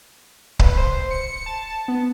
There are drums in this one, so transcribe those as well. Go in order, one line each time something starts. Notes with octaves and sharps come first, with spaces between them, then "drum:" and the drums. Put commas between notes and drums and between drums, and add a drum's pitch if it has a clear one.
B4, drum: kick C#1
C5
C#7
A5
B3